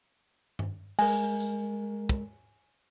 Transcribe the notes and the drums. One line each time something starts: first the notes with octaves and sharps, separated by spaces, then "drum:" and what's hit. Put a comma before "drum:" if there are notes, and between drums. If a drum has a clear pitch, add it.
drum: tom G2
G#3 A#4 G#5, drum: cymbal
drum: tambourine
drum: kick